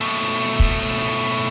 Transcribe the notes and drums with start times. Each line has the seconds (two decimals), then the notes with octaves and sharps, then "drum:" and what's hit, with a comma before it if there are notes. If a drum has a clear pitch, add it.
0.01 B2 A3
0.60 drum: kick